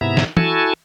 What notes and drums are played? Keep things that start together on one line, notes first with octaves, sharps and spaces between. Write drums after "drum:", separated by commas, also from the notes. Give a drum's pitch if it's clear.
G#2 C3 B3 E4 E5 A#5
drum: snare
E4 F#4 A4 G#5 A5, drum: tom